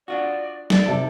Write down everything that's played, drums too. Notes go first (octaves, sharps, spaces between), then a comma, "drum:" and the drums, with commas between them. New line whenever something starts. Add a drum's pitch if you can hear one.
D4 F4 F#4 D5
D5, drum: snare
C3 D#4 A4 A5